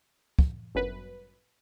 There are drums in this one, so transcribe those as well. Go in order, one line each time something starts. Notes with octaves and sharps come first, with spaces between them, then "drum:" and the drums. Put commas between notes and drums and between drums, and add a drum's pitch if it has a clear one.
drum: kick
G1 F#2 B4